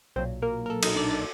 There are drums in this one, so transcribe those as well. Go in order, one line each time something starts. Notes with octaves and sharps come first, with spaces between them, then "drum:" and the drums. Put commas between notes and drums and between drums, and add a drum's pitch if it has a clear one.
B1 A#2 F#3 C4 C5
A#3 A#4
A#4
A4
D#4 D#5, drum: cymbal
D4 D5
D4 D5